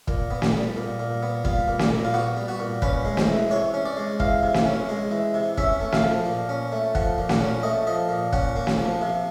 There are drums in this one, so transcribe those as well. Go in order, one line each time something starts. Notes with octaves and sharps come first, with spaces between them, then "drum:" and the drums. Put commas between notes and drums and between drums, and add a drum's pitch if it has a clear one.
A#2, drum: kick
B3
drum: snare
G3
A#2
A#2
B3
G3 F4, drum: kick
A#2
drum: snare
A#2
F4
B3 F#4
G3
F#4
A#2
C#4 B4, drum: kick
G#3
C5, drum: snare
E3
C3 C#5
C#4
D5
G#3
E3 F5, drum: kick
C3
drum: snare
C#4
G#3
E3
C3
C#4 E5, drum: kick
A3
F5, drum: snare
F3
A#2
C#4
A3
F3 F#5, drum: kick
A#2
F#5, drum: snare
C#4
A3 D#5
F3 D#5
A#2
C#4 F#5, drum: kick
A#3
drum: snare
F3
C3